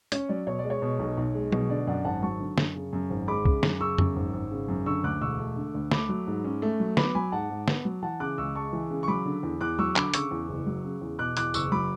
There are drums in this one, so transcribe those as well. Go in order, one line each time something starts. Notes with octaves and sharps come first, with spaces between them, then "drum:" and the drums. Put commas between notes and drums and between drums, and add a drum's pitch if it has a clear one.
C#4 C#5, drum: hi-hat
F#3 D5
B2 C#5
D5
G#3
C#5
B2
B1
B1
G#3
B2, drum: tom F#3
D3 D5
F#2 D5 F#5
G#1 F#5 A5
F#3 A5 C#6
D3
F#2, drum: snare
C#3
F#2
G#1
G#3 B5 D6
C#3, drum: kick C2
F#2, drum: snare
C#3 C#6 E6
F#2, drum: tom F2
G#1
G#1
C#3
F#2
D3 C#6 E6
D2 D6 F#6
E1 C#6 E6
A3
D3
D2
A3 B5 D6, drum: snare
F#3
G#2
C#4
A3
F#3
B3 B5 D6, drum: snare
F#3 G#5 B5
G#2 F#5 A5
G#2
B3, drum: snare
F#3
E3 F#5 A5
C#3 D6 F#6
C#2 C#6 E6
G#3 A5 C#6
E3
C#3
C#6
F#3 B5 D6
D3
E2
E2 D6 F#6
F#3 C#6 E6
D3 B5 D6, drum: clap
C#3 C#6 E6, drum: hi-hat
E2
F#1
F#3
C#3
E2
B2 D6 F#6
E2 D6 F#6, drum: hi-hat
F#1 C#6 E6, drum: tambourine
F#3 B5 D6